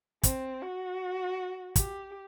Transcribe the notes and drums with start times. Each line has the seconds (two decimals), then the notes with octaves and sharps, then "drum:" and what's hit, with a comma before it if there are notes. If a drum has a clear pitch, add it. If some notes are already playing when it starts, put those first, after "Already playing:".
0.23 C4, drum: kick, hi-hat
0.62 F#4
1.76 G4, drum: kick, hi-hat